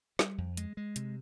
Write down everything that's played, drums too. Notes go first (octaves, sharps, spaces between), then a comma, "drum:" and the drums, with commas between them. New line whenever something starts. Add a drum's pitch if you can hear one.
G3, drum: snare
F2
G#3, drum: hi-hat
G#3
C3, drum: hi-hat